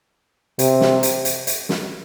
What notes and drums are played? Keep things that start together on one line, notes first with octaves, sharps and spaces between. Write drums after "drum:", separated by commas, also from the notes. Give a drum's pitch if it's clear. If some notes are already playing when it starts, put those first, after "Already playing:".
C3, drum: hi-hat
drum: snare
drum: hi-hat
drum: hi-hat
drum: hi-hat
drum: snare